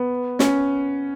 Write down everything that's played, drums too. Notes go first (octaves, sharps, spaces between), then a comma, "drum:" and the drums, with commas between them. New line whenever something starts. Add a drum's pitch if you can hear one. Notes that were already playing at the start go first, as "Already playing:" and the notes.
Already playing: B3
C#4, drum: snare